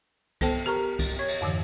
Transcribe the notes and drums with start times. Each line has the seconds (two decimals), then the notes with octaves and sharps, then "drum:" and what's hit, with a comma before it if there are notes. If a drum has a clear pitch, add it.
0.41 B3 A4 C5 G5 A5, drum: kick C2, cymbal
0.66 G4 A#4 A#5 C#6 F6
0.99 drum: kick C2, cymbal
1.19 C#5 C#6 G#6
1.28 drum: cymbal
1.41 F2 G#2 D3 E3